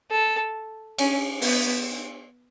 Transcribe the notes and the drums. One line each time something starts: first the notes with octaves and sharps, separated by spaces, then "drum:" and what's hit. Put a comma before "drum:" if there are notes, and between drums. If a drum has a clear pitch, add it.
A4
C#4, drum: cymbal
B3, drum: open hi-hat